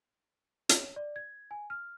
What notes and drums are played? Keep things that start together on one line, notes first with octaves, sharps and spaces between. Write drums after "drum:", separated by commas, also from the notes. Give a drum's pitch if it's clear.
C#5, drum: hi-hat
D5
G#6
G#5
F6